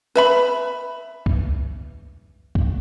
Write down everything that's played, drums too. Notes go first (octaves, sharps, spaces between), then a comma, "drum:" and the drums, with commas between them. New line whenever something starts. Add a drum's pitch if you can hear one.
B4 E5 B5
drum: kick C2
drum: kick C2